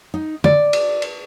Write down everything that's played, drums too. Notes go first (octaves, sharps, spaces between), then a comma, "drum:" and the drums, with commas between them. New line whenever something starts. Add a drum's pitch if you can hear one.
D#4
D5, drum: tom
drum: cymbal
drum: cymbal